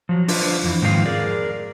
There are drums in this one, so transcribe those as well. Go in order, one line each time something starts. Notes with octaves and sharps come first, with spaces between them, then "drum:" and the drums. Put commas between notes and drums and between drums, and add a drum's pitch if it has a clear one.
F3 F#3
D4 F4 B4 C5, drum: open hi-hat
F2 E3
G#2 D#3 F3 C4 G4 F5
G#4 A#4 D5